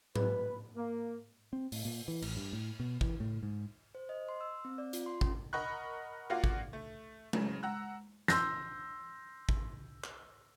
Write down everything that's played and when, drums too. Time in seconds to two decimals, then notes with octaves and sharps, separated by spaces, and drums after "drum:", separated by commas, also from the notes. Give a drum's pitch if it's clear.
0.16 B4, drum: tom G#2
0.76 A#3
1.53 C4
1.72 A2, drum: open hi-hat
1.85 A#2
2.08 E3
2.22 A1, drum: cymbal
2.36 G2
2.53 A2
2.80 B2
3.01 E3, drum: kick
3.20 A2
3.43 G#2
3.95 C5
4.09 D#5
4.29 C6
4.41 E6
4.65 C4
4.78 D5
4.93 F4, drum: hi-hat
5.06 C6
5.21 C#4, drum: kick
5.53 A#4 D#5 F#5 B5 C#6 F#6
6.30 A#3 F4 F#4 D5 F5 F#5
6.44 drum: kick
6.73 A3
7.33 C#3 F#3, drum: tom G#3
7.63 F#5 A#5 E6 F#6
8.28 C6 E6 G6 A#6, drum: snare
9.49 drum: kick
10.04 drum: clap